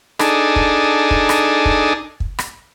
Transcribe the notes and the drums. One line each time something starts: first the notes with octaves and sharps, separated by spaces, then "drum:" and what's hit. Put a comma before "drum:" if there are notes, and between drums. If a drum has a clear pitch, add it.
D4 D#4 G#4 A4, drum: rim click
drum: kick
drum: kick
drum: rim click
drum: kick
drum: kick
drum: rim click